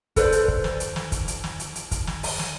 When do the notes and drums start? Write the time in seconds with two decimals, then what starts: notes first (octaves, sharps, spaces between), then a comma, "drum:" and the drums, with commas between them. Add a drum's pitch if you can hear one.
0.16 A4 B4 C5 D5, drum: kick, hi-hat
0.32 drum: hi-hat
0.48 drum: kick
0.64 drum: snare
0.80 drum: hi-hat
0.96 drum: snare
1.12 drum: kick, hi-hat
1.28 drum: hi-hat
1.44 drum: snare
1.60 drum: hi-hat
1.75 drum: hi-hat
1.91 drum: kick, hi-hat
2.07 drum: snare
2.23 drum: open hi-hat
2.39 drum: snare